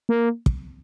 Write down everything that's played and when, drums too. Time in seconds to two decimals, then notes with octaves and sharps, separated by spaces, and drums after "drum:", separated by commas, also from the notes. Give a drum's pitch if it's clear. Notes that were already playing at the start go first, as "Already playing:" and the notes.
0.09 A#3
0.46 drum: kick